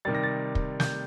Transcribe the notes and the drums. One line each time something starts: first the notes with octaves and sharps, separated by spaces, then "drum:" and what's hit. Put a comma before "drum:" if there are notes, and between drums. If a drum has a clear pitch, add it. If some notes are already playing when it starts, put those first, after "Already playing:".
C3 D#3 G3 A6
A#6
A6
drum: kick
G6, drum: snare